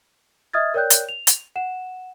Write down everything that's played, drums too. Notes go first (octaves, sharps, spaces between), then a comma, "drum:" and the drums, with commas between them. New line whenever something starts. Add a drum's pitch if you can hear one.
D#5 E5 D#6 F6 G#6 A6
A#4 C#5 D5 G5 F#6 G6
drum: hi-hat
F7
drum: hi-hat
F#5 E7